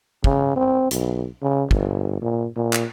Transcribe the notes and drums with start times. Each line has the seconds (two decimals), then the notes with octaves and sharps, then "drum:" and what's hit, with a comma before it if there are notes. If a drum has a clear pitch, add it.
0.24 C#3, drum: kick
0.56 C4
0.91 B1, drum: hi-hat
1.42 C#3
1.71 G1, drum: kick
2.22 A#2
2.56 A#2
2.73 drum: clap